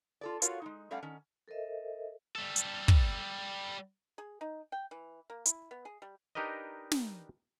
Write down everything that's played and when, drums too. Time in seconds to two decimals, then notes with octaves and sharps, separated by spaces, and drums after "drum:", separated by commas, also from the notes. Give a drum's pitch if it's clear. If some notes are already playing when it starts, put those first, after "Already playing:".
0.21 F4 A4 D5
0.42 F4 F#4 A4 A#4 C#5 F5, drum: hi-hat
0.62 G#3 D#4
0.91 G3 A3 C#4 D5 F5 F#5
1.02 D#3 C#4
1.48 A4 A#4 C5 D#5 E5
2.36 G3 A4
2.56 drum: hi-hat
2.88 drum: kick
4.18 G#4
4.41 D#4
4.72 G5
4.91 E3
5.30 A#3
5.46 E4, drum: hi-hat
5.71 B3
5.85 G#4
6.02 G3
6.35 D4 D#4 G4 A#4 B4 D#5
6.91 drum: snare